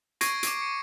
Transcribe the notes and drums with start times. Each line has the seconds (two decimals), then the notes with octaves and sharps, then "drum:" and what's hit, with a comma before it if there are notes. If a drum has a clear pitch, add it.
0.21 C#6 G#6 A#6 C7 D7 D#7, drum: hi-hat
0.43 D6 D7, drum: hi-hat
0.62 C#7